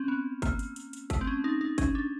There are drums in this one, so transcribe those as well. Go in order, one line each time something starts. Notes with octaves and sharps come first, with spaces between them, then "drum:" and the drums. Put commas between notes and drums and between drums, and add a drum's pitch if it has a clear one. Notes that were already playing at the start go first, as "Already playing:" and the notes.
Already playing: C4 C#4
B3
A#3, drum: kick, hi-hat
drum: hi-hat
drum: hi-hat
drum: hi-hat
A3, drum: kick, hi-hat
C4
C#4
D#4
D#4
C#4, drum: kick, hi-hat
D4